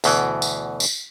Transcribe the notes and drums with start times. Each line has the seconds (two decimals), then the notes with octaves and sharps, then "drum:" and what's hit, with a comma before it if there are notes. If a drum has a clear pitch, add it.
0.04 D2 B2 E3, drum: tambourine
0.42 drum: tambourine
0.80 drum: tambourine